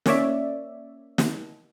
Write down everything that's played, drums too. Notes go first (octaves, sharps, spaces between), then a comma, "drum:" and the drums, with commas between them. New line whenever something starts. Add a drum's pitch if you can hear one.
A#3 C#4 C#5 D5 E5, drum: snare
drum: snare